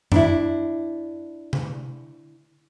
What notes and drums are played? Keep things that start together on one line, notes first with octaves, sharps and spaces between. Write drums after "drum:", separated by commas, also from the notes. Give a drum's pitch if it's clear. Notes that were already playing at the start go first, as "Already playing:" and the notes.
D4 E4, drum: tom F#2
drum: tom C3